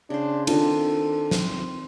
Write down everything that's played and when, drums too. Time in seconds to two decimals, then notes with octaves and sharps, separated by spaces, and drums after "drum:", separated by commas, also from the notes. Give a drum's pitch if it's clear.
0.10 C#3 D4 C5
0.47 D#3 C4 D4 F4 A4, drum: cymbal
1.31 C4, drum: snare